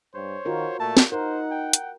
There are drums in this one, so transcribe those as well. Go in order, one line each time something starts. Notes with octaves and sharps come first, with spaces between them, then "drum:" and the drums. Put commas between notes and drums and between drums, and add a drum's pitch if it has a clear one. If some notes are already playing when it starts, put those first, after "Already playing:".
G2 C5 C#5
D#3 F4 F#4 A#4
A#2 A3 A5
drum: snare
D#4 A#4 C5 F#5
G5
drum: hi-hat